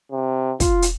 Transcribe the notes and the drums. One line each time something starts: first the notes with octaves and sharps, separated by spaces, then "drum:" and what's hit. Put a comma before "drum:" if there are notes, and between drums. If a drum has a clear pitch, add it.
C3
F4, drum: kick, hi-hat
drum: hi-hat